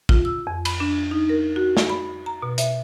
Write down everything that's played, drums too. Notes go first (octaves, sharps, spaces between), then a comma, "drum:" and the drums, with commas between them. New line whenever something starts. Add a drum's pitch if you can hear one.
F4, drum: kick
E6
F2
B5, drum: cymbal
D4
D#4
A#4
F#4
drum: snare
B5
A#5
B2
E5, drum: hi-hat